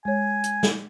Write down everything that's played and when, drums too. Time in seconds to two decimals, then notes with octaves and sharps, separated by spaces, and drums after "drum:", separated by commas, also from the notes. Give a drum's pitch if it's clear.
0.05 G#3 C#5 G#5
0.44 drum: hi-hat
0.63 drum: snare